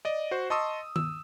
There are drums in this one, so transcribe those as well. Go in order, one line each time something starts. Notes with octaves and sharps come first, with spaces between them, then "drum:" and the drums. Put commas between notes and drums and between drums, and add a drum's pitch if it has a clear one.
D5 D#5
F#4 C5
D#5 A5 C6 C#6 D#6 E6
E6, drum: tom D#3